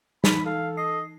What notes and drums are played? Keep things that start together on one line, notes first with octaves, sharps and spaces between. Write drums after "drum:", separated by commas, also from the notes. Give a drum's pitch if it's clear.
E3 D#4 B5, drum: snare
A4 F5
D#5 C7